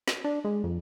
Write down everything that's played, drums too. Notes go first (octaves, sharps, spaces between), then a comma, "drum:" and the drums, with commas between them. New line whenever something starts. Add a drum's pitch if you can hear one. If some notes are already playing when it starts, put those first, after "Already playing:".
drum: snare
D4
G#3
F2